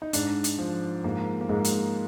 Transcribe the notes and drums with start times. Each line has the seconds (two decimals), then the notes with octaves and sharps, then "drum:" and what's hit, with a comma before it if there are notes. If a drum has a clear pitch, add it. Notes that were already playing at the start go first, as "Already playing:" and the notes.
0.02 D#4
0.13 G#2 D4, drum: hi-hat
0.44 drum: hi-hat
0.59 F3
1.04 G#2 A#3
1.41 A#3
1.49 G#2 G#3
1.65 drum: hi-hat